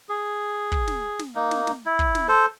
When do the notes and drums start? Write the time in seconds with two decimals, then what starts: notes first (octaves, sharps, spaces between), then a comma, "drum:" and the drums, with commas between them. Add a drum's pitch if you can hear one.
0.09 G#4
0.72 drum: kick
0.88 drum: snare
1.19 drum: snare
1.35 A#3 D#4
1.51 drum: snare
1.67 drum: snare
1.86 E4
1.99 drum: kick
2.15 drum: snare
2.28 A4 C5